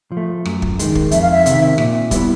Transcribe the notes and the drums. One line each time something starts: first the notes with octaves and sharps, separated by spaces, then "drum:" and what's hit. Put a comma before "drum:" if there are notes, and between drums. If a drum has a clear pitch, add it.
F3
A3
F#2, drum: rim click
drum: kick
D#3 G#3, drum: hi-hat
drum: kick
F2 E5, drum: hi-hat
F5
E5
C3 D#3, drum: hi-hat
A#2, drum: rim click
G3 B3 E4, drum: kick, hi-hat